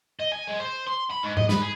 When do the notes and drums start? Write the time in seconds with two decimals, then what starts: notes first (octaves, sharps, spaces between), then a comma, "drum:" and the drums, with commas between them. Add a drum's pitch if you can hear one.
0.20 D#5
0.32 G#5
0.47 G#3
0.60 C5
0.87 C6
1.10 B5
1.23 G#2
1.37 D#5, drum: tom G#2
1.49 B4, drum: snare
1.62 G#4